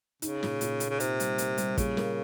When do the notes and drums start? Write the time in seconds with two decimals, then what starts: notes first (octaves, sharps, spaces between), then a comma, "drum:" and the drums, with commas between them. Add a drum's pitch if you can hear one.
0.22 C#3 D#4, drum: hi-hat
0.43 A#2, drum: snare
0.61 A#2, drum: hi-hat
0.80 A#3, drum: hi-hat
0.90 C#3
1.00 C3 D#4, drum: hi-hat
1.20 G3, drum: hi-hat
1.38 A#3, drum: hi-hat
1.58 G3, drum: hi-hat
1.78 A#2 C#3, drum: kick, hi-hat
1.97 A#3, drum: snare